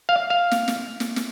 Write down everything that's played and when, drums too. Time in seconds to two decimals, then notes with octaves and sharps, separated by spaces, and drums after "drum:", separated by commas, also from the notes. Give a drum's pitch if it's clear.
0.09 F5
0.30 F5
0.51 drum: snare
0.68 drum: snare
1.00 drum: snare
1.16 drum: snare